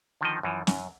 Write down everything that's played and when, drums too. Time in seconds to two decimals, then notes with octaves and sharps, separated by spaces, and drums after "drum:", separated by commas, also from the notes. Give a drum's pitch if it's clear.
0.21 D3 D#3 F3 D#5
0.43 F#2 E3 F3
0.67 F#2, drum: snare